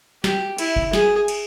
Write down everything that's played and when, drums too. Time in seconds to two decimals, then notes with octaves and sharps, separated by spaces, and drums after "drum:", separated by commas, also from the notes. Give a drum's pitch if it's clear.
0.24 G4, drum: snare
0.58 E4, drum: cymbal
0.76 drum: kick F1
0.93 G#4, drum: snare
1.28 drum: cymbal